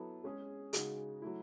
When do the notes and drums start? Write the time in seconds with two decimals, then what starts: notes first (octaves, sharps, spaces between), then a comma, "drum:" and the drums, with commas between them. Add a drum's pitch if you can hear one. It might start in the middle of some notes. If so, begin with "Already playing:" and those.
Already playing: F#3 B3 E4 A4
0.24 G#3 C#4 G#4
0.73 C#3 G#3 D#4 F#4, drum: hi-hat
1.22 F#3 A3 E4